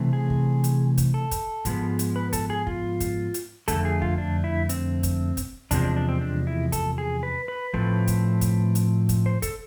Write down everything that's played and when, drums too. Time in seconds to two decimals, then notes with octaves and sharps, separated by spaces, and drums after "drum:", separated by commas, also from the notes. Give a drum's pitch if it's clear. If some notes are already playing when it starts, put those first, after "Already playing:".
Already playing: C3 E3 A3 C4
0.13 G#4
0.30 drum: kick
0.64 drum: hi-hat
0.98 drum: kick, hi-hat
1.14 A4
1.31 drum: kick, hi-hat
1.65 G#2 F3 G#3 B3, drum: kick, hi-hat
1.99 drum: hi-hat
2.16 B4
2.33 A4, drum: kick, hi-hat
2.50 G#4
2.67 F4, drum: kick
3.00 drum: kick, hi-hat
3.34 drum: hi-hat
3.68 F2 D3 A3 A4, drum: kick, hi-hat
3.85 G#4
4.02 F4, drum: kick
4.18 D4
4.44 E4
4.69 C4, drum: hi-hat
5.03 drum: kick, hi-hat
5.37 drum: kick, hi-hat
5.71 E2 C3 F3 G#3 C4 D4, drum: kick, hi-hat
5.83 D4
5.96 D4
6.09 C4
6.21 D4
6.47 E4
6.72 A4, drum: kick, hi-hat
6.98 G#4
7.23 B4
7.48 B4
7.74 A2 F3 A3 C4 B4, drum: kick
8.07 drum: kick, hi-hat
8.41 drum: kick, hi-hat
8.75 drum: hi-hat
9.09 drum: kick, hi-hat
9.26 C5
9.42 A4, drum: kick, hi-hat